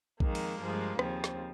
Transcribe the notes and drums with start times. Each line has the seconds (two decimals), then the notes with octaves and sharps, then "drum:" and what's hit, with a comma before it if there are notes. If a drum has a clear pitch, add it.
0.20 F2 D#3 G#3 A#3, drum: kick A#1
0.35 drum: cymbal
0.59 G2 F3 G#3
0.99 D#2 C#3 F3 C4, drum: rim click
1.24 drum: snare